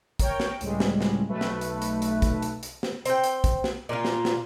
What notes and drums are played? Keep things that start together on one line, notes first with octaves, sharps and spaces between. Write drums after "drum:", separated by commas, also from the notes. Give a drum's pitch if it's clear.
A#4 C#5 G5, drum: kick, hi-hat
drum: snare
C#2 A2 G3 G#3, drum: hi-hat
drum: snare
drum: snare
B1 A3 B4
drum: snare
drum: hi-hat
drum: hi-hat
drum: hi-hat
drum: kick, hi-hat
drum: hi-hat
drum: hi-hat
drum: snare
C4 G5, drum: hi-hat
drum: hi-hat
drum: kick, hi-hat
drum: snare
A#2 A#3 D4 F4
drum: snare
drum: snare